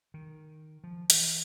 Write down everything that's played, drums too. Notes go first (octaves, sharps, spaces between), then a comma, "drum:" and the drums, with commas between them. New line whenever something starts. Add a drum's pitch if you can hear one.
D#3
F3
E3, drum: hi-hat